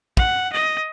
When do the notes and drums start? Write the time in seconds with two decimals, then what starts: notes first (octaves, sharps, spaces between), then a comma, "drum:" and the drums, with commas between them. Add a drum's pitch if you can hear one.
0.17 F#5, drum: kick
0.52 D#5